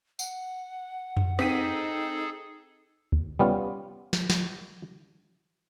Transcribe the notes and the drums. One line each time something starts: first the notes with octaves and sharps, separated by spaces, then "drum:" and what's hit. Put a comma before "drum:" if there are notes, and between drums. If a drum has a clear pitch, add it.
F#5, drum: tambourine
drum: tom F2
C4 D#4 G#4 A4 B6 D#7, drum: rim click
drum: kick
G3 B3 C#4 F4
drum: snare
drum: snare